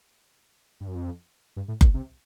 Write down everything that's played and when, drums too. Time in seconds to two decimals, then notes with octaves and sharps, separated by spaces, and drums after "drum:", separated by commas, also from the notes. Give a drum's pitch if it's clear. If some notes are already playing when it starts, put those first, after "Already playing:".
0.80 G2
0.88 F#2
0.95 F2
1.56 G2
1.68 A2
1.81 A#2, drum: kick F#1
1.94 C3